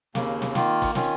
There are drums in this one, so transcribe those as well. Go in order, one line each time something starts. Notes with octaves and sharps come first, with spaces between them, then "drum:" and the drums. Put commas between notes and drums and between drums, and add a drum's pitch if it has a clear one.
D#2 C#3 A#3, drum: snare
drum: snare
D#3 A#3 F4, drum: snare
drum: kick, open hi-hat
D#3 C#4 F4, drum: snare